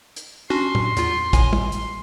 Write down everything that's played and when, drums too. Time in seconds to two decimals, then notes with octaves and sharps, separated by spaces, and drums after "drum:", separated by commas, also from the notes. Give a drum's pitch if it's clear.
0.16 drum: hi-hat
0.50 C#4 D4 F#4 C6
0.75 drum: tom
0.97 E2 F4, drum: hi-hat
1.33 G#1 A2 G#5, drum: kick, hi-hat
1.53 drum: tom
1.72 drum: hi-hat